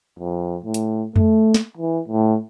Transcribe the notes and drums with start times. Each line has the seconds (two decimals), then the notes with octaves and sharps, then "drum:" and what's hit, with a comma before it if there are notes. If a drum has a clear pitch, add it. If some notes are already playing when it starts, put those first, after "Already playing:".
0.19 F2
0.65 A2
0.74 drum: hi-hat
1.16 A3, drum: tom F2
1.54 drum: snare
1.77 E3
2.08 A2